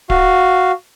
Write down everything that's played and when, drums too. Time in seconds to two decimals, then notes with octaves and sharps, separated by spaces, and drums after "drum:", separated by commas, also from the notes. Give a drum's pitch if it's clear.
0.10 F#4 F5, drum: kick D1